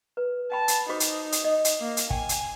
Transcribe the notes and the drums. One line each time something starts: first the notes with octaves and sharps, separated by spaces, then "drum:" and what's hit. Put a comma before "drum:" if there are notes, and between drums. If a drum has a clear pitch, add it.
B4
G5 A5 B5
drum: hi-hat
D#4 F#4 C5 D6
drum: hi-hat
drum: hi-hat
D#5
drum: hi-hat
A#3
drum: hi-hat
G5 G#5, drum: kick
drum: hi-hat